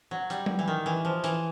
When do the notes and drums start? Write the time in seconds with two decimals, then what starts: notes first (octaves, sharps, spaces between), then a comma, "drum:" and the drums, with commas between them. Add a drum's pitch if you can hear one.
0.11 F#3
0.30 G3, drum: hi-hat
0.46 drum: tom F#3
0.59 E3
0.68 D#3
0.86 E3
1.05 F3
1.24 E3, drum: hi-hat